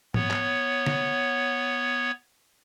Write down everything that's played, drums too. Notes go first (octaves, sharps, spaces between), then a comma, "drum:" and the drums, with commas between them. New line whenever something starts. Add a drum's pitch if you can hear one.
B3 C#5, drum: tom G#2
drum: clap
drum: snare